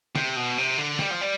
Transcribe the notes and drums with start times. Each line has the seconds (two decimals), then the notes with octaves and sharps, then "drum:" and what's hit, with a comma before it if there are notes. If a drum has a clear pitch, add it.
0.16 C3, drum: snare
0.36 B2
0.58 C3
0.78 D3
0.99 G3, drum: snare
1.11 F3
1.21 G3